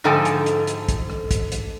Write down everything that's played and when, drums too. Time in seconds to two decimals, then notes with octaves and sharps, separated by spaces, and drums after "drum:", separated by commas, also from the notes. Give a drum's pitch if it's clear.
0.04 G#2 D3 F3 A4 G5 G#5
0.25 drum: hi-hat
0.46 drum: hi-hat
0.67 drum: hi-hat
0.89 drum: kick, hi-hat
1.10 drum: rim click
1.31 drum: kick, hi-hat
1.52 drum: hi-hat